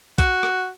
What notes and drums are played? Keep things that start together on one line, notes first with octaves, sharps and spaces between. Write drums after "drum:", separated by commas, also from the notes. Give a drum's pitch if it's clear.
F#4, drum: kick, hi-hat
drum: rim click